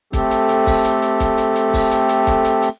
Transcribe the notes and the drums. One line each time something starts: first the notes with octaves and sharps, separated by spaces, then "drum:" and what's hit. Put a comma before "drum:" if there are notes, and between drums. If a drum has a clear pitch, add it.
A3 C4 G4 A4, drum: kick, hi-hat
drum: hi-hat
drum: hi-hat
drum: kick, open hi-hat
drum: hi-hat
drum: hi-hat
drum: kick, hi-hat
drum: hi-hat
drum: hi-hat
drum: kick, open hi-hat
drum: hi-hat
drum: hi-hat
drum: kick, hi-hat
drum: hi-hat
drum: hi-hat